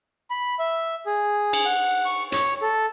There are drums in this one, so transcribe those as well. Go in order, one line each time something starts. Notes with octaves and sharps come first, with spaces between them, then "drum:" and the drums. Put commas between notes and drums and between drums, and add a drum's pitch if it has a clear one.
B5
E5
G#4
drum: cymbal
F#5
C#6
C#5, drum: hi-hat
A4